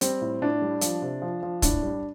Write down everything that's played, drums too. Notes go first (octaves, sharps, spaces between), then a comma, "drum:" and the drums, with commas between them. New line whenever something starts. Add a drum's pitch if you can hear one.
G3 C4, drum: hi-hat
A2
A2 D4
G3
F3, drum: hi-hat
C3
F3
F3
A2 D4, drum: kick, hi-hat
G3